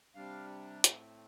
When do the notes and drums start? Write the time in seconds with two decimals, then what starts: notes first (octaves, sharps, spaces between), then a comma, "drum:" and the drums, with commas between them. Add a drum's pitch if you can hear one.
0.15 C3 G3 D4 F5
0.84 A2 A3 C4, drum: hi-hat